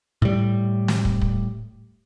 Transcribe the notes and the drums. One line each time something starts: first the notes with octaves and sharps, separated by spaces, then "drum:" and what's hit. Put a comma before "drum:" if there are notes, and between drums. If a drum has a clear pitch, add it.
A2 G3
drum: snare
drum: kick
drum: kick